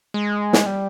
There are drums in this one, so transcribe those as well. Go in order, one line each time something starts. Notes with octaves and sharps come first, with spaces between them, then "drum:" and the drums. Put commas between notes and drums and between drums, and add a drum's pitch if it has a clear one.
G#3
drum: snare
G3